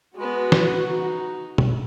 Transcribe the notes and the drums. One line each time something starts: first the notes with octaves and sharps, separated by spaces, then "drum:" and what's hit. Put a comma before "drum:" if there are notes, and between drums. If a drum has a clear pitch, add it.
G#3 B3 F#4
drum: snare
D#4
drum: tom B2